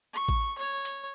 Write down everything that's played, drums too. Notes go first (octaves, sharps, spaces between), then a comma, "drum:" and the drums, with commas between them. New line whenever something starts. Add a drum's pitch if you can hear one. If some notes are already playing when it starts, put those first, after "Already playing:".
C#6
drum: kick A1
C#5
drum: hi-hat